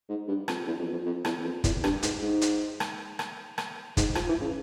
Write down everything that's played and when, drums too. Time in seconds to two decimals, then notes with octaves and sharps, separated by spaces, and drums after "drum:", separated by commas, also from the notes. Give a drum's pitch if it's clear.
0.09 G#2
0.28 G2
0.48 F2, drum: rim click
0.67 E2
0.79 F2
0.93 F2
1.06 F2
1.25 E2, drum: rim click
1.44 F2
1.64 E2, drum: kick, hi-hat
1.84 G2, drum: rim click
2.03 G#2, drum: hi-hat
2.22 G#2
2.41 drum: hi-hat
2.80 drum: rim click
3.19 drum: rim click
3.58 drum: rim click
3.97 G#2, drum: kick, hi-hat
4.15 F3, drum: rim click
4.29 E3
4.41 C#3